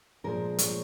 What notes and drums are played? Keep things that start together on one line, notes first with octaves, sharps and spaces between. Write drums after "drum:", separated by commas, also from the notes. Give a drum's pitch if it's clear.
A#2 F3 G#3 A#4
C#5, drum: hi-hat